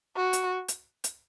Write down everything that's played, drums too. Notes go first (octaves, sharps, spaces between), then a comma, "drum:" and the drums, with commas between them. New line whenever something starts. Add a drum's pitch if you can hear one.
F#4
drum: hi-hat
drum: hi-hat
drum: hi-hat